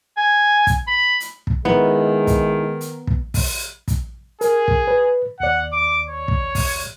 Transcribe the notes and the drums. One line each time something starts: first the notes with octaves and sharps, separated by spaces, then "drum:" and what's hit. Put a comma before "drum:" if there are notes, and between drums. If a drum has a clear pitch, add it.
G#5
drum: kick, hi-hat
B5
drum: hi-hat
drum: kick
D#3 G#3 B3 D#4 E4
drum: kick, hi-hat
drum: hi-hat
drum: kick
drum: kick, open hi-hat
drum: kick, hi-hat
G#4 A#4, drum: hi-hat
drum: kick
B4
D#2 D5 F#5
D6
C#5
drum: kick
drum: kick, open hi-hat